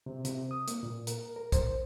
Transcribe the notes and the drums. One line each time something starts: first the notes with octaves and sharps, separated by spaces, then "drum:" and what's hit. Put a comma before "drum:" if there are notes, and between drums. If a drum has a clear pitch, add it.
C3
C3, drum: hi-hat
D#6
A#3, drum: hi-hat
A#2
A#4, drum: hi-hat
A#4
C5, drum: kick C2, hi-hat